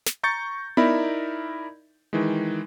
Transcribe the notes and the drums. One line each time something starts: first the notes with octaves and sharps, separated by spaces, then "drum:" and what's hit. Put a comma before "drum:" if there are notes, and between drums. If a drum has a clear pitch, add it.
drum: snare
A#5 C#6 G6 A6 C#7
D#4 E4 A#4 D5 E5 B5, drum: tom B3
D#3 E3 G#3